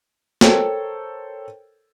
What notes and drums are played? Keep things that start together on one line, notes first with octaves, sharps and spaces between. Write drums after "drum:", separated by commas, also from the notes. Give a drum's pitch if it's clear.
A4 A#4 C5 C#5 G5, drum: snare